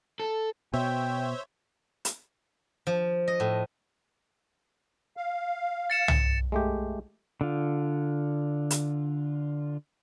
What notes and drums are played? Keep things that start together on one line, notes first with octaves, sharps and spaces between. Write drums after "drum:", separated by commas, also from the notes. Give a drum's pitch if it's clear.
A4
B2 C5 C#5 E5 G5
drum: hi-hat
F3
D#5
A2
F5
A6 C#7 E7
drum: tom C2
G#3 A3 G4
D3 F4
drum: hi-hat